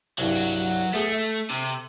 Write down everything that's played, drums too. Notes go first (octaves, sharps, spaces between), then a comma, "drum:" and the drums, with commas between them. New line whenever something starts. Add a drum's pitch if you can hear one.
C2 G2 F#3 F#4
drum: cymbal
A3 B3 G#4
A4 E5
C3